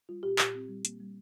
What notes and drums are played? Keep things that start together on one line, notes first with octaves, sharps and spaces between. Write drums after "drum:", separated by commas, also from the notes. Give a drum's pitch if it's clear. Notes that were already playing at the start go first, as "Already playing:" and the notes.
G3 F4
A#2 G4
A#2 G4, drum: clap
C4
G3
A#3, drum: hi-hat
G3